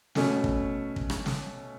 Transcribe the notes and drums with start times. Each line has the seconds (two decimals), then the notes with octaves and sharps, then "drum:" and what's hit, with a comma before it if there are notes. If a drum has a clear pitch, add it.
0.15 B2 A3 C#4, drum: snare
0.44 drum: kick
0.96 drum: kick
1.10 drum: rim click
1.26 drum: snare